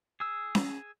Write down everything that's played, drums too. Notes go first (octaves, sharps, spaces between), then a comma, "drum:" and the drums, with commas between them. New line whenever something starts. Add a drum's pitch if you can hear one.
G#4 E6
drum: snare C#4